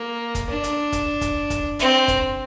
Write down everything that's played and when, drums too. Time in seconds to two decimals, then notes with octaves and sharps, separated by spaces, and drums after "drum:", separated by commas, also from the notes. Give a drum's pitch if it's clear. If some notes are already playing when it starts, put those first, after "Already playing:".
Already playing: A#3
0.35 drum: kick, hi-hat
0.49 D4
0.64 drum: hi-hat
0.92 drum: kick, hi-hat
1.21 drum: kick, hi-hat
1.50 drum: kick, hi-hat
1.79 C4, drum: hi-hat
2.08 drum: kick, hi-hat